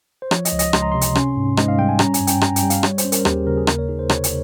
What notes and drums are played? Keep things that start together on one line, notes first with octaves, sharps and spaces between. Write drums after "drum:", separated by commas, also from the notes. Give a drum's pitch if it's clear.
C5
F3 C#5, drum: rim click
D#5, drum: hi-hat
C#2
D#5, drum: hi-hat
C#2 C6, drum: rim click
A#5
C3 C6
drum: hi-hat
C#4, drum: rim click
G#2
G#2 D#5, drum: rim click
F5
G3 G5
G#5
C#4 A#5, drum: rim click
G#5, drum: hi-hat
G2
G5, drum: hi-hat
G2 A#5, drum: rim click
G5, drum: hi-hat
G3
F5, drum: hi-hat
G3 C#5, drum: rim click
C5, drum: hi-hat
C#4
A#4, drum: hi-hat
D#2 G4, drum: rim click
G#4
C#3 A#4
G#4
A#3 A#4, drum: rim click
C#5
D#4 G#4
C5
C3 C#5, drum: rim click
drum: hi-hat